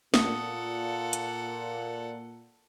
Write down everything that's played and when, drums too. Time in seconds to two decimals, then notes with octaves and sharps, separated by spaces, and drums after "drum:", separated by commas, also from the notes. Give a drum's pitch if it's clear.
0.14 A#2 A4 F#5 D#6, drum: snare
1.13 drum: hi-hat